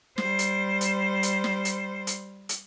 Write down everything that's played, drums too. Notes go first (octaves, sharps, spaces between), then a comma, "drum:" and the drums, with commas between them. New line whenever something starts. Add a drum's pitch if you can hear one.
G3 C5, drum: snare
drum: hi-hat
drum: hi-hat
drum: hi-hat
drum: snare
drum: hi-hat
drum: hi-hat
drum: hi-hat